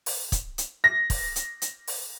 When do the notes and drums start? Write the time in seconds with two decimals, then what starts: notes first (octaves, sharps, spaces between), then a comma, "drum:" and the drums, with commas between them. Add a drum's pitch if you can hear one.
0.06 drum: open hi-hat
0.32 drum: kick, hi-hat
0.58 drum: hi-hat
0.84 A#6
1.10 drum: kick, open hi-hat
1.36 drum: hi-hat
1.62 drum: hi-hat
1.87 drum: open hi-hat